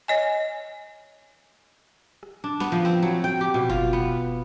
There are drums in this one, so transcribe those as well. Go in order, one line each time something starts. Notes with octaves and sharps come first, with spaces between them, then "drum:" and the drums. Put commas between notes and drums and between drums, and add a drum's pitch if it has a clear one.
C#5 D#5 G#5
drum: rim click
D4
B3, drum: snare
F3
C4, drum: tambourine
F#3
G5
G4
B2
F4, drum: kick F#1
B3